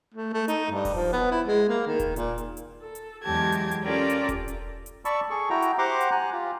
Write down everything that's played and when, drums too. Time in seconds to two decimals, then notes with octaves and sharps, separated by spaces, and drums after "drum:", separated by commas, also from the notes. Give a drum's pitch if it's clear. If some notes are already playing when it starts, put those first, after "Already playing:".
0.15 A3
0.33 A3
0.48 D#4, drum: hi-hat
0.71 G2
0.85 drum: kick E1, open hi-hat
0.94 F3
1.13 B3
1.31 E4
1.47 G#3
1.68 A#3
1.86 D#3
1.99 drum: kick E1, hi-hat
2.16 A#2, drum: hi-hat
2.38 drum: hi-hat
2.57 drum: hi-hat
2.81 A4
2.95 drum: hi-hat
3.23 E2 F#3 G#3 G4 A5 G#6
3.52 drum: hi-hat
3.71 drum: hi-hat
3.83 C#4 F4 G4 A4 A#4 D5
4.10 drum: hi-hat
4.29 drum: kick E1, hi-hat
4.48 drum: hi-hat
4.86 drum: hi-hat
5.05 D5 A5 B5 C#6 E6, drum: hi-hat
5.30 G#4 A4 C#6
5.50 E4 F#4 G5 A#5
5.62 drum: hi-hat
5.78 G4 C5 F#5 A#5 C6 D6
6.01 drum: hi-hat
6.11 G#5 A#5 F#6
6.32 F4 G4